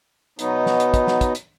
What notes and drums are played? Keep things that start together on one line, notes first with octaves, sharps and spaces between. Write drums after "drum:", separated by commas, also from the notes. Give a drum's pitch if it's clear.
B2 F#3 B3 D#4, drum: hi-hat
drum: snare
drum: hi-hat
drum: kick, hi-hat
drum: snare
drum: kick, hi-hat
drum: hi-hat